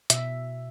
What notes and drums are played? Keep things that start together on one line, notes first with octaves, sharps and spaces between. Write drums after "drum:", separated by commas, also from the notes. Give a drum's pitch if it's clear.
B2 E5, drum: hi-hat